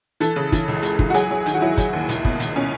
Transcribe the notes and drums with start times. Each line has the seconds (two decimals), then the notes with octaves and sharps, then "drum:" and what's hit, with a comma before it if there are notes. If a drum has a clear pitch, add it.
0.20 E3 A4, drum: hi-hat
0.36 C#3
0.52 E3, drum: kick, hi-hat
0.68 C#2
0.82 G#3, drum: hi-hat
0.99 E3, drum: kick
1.10 F#4
1.14 F#3 G#4, drum: hi-hat
1.31 F#3
1.46 D#3, drum: hi-hat
1.54 F#4
1.61 F#3 E4
1.77 F#3, drum: kick, hi-hat
1.93 D#2
2.09 C#2, drum: hi-hat
2.25 B2, drum: kick
2.40 C#2, drum: hi-hat
2.55 B2 C#4